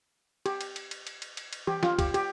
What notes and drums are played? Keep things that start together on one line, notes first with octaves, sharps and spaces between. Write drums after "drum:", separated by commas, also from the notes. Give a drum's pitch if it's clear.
G4, drum: cymbal
drum: cymbal
drum: cymbal
drum: cymbal
drum: cymbal
drum: cymbal
drum: cymbal
drum: cymbal
G4, drum: tom E3
F4, drum: snare
G4, drum: kick, cymbal
G4, drum: cymbal